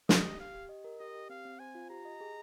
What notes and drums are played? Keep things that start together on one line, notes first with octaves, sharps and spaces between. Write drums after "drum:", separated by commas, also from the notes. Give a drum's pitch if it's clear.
G4 D#5, drum: snare
G4
G4 F5
G4
D#5
A#4
G4 D#5
G4
C4 F5
C4
C5 G#5
F4
G4 A#5
D#5
G#4